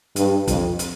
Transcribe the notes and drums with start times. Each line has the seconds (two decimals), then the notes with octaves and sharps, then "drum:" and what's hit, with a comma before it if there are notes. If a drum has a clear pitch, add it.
0.16 G2, drum: hi-hat
0.47 F2, drum: kick, hi-hat
0.79 drum: hi-hat